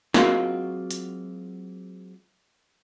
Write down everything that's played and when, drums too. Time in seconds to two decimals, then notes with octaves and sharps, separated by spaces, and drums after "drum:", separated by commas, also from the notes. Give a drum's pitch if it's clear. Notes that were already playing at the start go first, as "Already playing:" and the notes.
0.14 F#3 G#3 A#3 C4 F4 F#4, drum: snare
0.91 drum: hi-hat